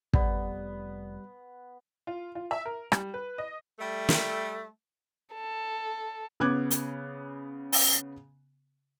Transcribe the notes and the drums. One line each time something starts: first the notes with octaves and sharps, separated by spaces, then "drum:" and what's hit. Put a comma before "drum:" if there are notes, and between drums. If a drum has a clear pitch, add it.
F1 G3 B3 D5, drum: kick
F4
F4
E5
A#4
G3, drum: rim click
B4
D#5
G3 A3
drum: snare
A4
C#3 B3 D6 F#6 G#6
drum: hi-hat
drum: open hi-hat